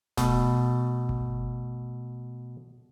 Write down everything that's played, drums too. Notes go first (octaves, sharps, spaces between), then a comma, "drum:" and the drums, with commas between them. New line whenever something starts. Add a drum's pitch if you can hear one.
B2 A3, drum: snare E1
drum: kick G1